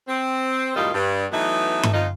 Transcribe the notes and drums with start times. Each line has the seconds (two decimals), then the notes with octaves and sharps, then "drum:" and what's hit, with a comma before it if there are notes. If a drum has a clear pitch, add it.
0.08 C4
0.76 F#2 A2 D#3 G3 D#4 F4
0.94 G2
1.32 E3 F#3 A3 B3 D#4
1.83 drum: tom G2
1.93 F2 D#4 F4